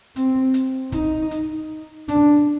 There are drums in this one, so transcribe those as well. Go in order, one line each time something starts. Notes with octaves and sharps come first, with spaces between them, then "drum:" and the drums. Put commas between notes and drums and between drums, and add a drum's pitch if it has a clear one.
C4, drum: hi-hat
drum: hi-hat
D#4, drum: kick, hi-hat
drum: hi-hat
D4, drum: hi-hat